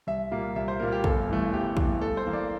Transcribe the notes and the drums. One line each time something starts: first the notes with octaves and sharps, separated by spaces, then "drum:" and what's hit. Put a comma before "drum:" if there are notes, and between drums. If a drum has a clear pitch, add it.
C2 E5
A#2 G3 A#3
C2 E5
C5
A#2 G3 A#3 A#4
G4
G1 A4, drum: kick
G2 E3 A3
G1 G4
G2 E3 A3, drum: kick
G2 A4
C5
E3 A#3
D5